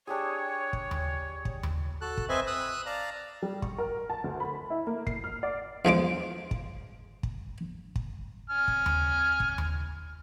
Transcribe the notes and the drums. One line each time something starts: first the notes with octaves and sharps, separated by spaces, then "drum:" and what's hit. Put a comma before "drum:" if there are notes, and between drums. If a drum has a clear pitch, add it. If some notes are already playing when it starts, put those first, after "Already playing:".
D4 G4 G#4 C#5
drum: kick
drum: tom D#2
drum: kick
drum: tom D#2
F#4 A4 A5 F#6
drum: kick
C4 B4 C5 D#5 E5 G#5
D#6 E6 F#6
D5 F5 A5 A#5
G3
C#6, drum: kick
A#4
A5
D2
B5
E4
A#3
C7, drum: kick
F6
D5
E2 F3 G#3 D6
drum: kick
drum: kick
drum: kick
G#5 F6
drum: kick
drum: tom D#2
drum: kick
drum: tom D#2